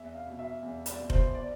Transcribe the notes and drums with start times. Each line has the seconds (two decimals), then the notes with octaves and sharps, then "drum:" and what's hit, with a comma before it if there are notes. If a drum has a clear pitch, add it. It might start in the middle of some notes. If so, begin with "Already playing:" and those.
Already playing: E2 E5
0.15 F5
0.27 B2
0.39 E5
0.63 E2
0.86 D5, drum: hi-hat
0.99 B2
1.10 C5, drum: kick F1
1.34 D5